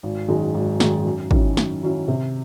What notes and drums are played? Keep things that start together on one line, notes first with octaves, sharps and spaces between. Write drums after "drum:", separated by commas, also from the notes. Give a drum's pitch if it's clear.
G#1
F#2 D#3 G#3 D#4
G#1
F#2 D#3 G#3 D#4, drum: snare
F#2
D#3 F#3 C#4 E4, drum: kick
F#2, drum: snare
D#3 F#3 C#4 E4
C3